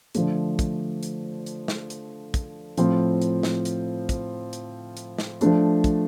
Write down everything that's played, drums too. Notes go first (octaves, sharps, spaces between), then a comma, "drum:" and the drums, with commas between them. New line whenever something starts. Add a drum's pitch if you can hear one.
D3 F3 A3, drum: hi-hat
drum: kick, hi-hat
drum: hi-hat
drum: hi-hat
drum: snare
drum: hi-hat
drum: kick, hi-hat
A2 F3 C4 F4, drum: hi-hat
drum: hi-hat
drum: snare
drum: hi-hat
drum: kick, hi-hat
drum: hi-hat
drum: hi-hat
drum: snare
F3 A3 D4, drum: hi-hat
drum: kick, hi-hat